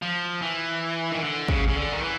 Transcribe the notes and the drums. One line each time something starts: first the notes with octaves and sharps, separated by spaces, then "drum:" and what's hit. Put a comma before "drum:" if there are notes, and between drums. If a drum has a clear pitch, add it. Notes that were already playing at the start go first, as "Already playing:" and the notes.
F3
E3
D#3
D3
C#3, drum: kick
C#3
D3
D#3
E3